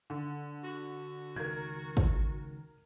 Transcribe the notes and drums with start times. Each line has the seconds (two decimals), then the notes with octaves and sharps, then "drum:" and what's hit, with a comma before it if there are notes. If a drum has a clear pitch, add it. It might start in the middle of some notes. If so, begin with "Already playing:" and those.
0.10 D3
0.64 F#4
1.36 C#2 D#3 A#4 G#6
1.97 drum: kick